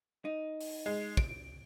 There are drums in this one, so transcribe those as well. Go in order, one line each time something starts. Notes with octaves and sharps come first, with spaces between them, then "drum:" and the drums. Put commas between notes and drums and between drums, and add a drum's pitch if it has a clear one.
D#4
drum: open hi-hat
G#3
D7, drum: kick